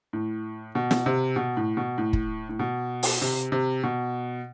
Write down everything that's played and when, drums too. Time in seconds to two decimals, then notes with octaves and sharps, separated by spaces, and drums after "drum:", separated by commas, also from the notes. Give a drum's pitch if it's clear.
0.13 A2
0.75 B2
0.91 drum: snare
1.06 C3
1.36 B2
1.57 A2
1.77 B2
1.98 A2
2.13 drum: kick
2.49 A2
2.59 B2
3.03 drum: open hi-hat
3.22 C3
3.52 C3
3.83 B2